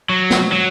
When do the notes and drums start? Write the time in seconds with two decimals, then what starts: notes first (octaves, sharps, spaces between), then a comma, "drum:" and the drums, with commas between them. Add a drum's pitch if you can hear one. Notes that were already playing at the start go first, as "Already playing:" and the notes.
0.09 F#3
0.30 drum: snare
0.52 F#3